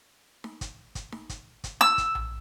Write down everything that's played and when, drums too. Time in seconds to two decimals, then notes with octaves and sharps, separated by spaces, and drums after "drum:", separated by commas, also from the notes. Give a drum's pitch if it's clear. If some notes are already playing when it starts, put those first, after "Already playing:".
0.44 drum: snare D#4
0.61 drum: kick, hi-hat
0.95 drum: kick, hi-hat
1.12 drum: snare D#4
1.29 drum: kick, hi-hat
1.64 drum: kick, hi-hat
1.81 E6, drum: snare D#4
1.98 drum: kick, hi-hat
2.15 drum: tom A#1